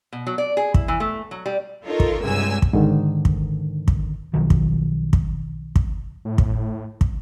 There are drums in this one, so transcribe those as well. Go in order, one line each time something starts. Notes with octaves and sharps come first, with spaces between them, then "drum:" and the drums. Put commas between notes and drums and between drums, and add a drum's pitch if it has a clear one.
B2
F#3
D5
G#4
E4, drum: kick
E3
A3
F#3
G3
D#4 F4 A4 A#4 C#5
drum: kick
C#2 G2 C3 G#5 E6
drum: kick
G#2 D3 D#3
drum: kick
drum: kick
B1 D#3 F3 F#3
drum: kick
drum: kick
drum: kick
A2
drum: kick
drum: kick